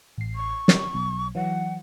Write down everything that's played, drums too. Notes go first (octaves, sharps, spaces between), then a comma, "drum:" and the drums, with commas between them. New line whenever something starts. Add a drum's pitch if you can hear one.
A1 C7
C#6
G4 A#4 C#5, drum: snare
B1
E3 F#3 F#5